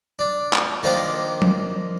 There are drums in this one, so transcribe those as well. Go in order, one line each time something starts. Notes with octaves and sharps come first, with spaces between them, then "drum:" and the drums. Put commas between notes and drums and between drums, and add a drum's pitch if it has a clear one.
D4
drum: clap
D#3 F3 A#3 D4 C5
drum: tom F3